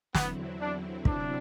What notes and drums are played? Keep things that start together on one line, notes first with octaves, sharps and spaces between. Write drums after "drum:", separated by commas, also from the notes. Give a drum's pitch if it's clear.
E2 D3 F#3 B3 C4 E4, drum: snare
D4
C3 F#3 C4 D4 E4, drum: kick